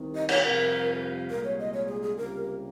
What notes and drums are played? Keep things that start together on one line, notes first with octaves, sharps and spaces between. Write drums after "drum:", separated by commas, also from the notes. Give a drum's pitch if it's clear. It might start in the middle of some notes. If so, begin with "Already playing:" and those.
Already playing: C2 C3 D#3
D#5
C#5, drum: cymbal
F2 C3 G3 C4 F4 A#4
C2 A#2 G#3 A#4
C#5
D#5
C#5
G#4
G#4
C#2 C3 G3 A#3 A#4